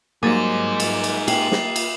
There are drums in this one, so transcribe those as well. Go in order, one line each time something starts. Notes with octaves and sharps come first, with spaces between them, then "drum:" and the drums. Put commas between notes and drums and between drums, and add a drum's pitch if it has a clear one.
G#2 F#3 G3 A#3 D#4 G#4 D6 A6
drum: cymbal
drum: cymbal
A#3 G4 C7 F#7, drum: cymbal
drum: snare
drum: cymbal